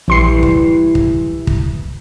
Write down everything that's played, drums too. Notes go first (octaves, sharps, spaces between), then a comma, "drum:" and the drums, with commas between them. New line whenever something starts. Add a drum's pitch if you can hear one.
A#1 E3 G3 E4 C6 C7
drum: kick
drum: kick
drum: kick